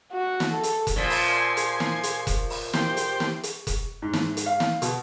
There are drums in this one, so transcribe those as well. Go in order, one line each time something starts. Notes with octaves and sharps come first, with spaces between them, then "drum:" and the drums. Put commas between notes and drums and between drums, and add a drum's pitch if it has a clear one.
F#4
drum: snare
A4
drum: hi-hat
drum: kick F1, hi-hat
A#2 F3
drum: open hi-hat
G#5 C6
drum: hi-hat
drum: snare
drum: hi-hat
drum: kick F1, hi-hat
drum: open hi-hat
G4 C5, drum: snare
drum: hi-hat
drum: snare
drum: hi-hat
drum: kick F1, hi-hat
G#2
drum: snare
drum: hi-hat
F5
drum: snare
B2, drum: hi-hat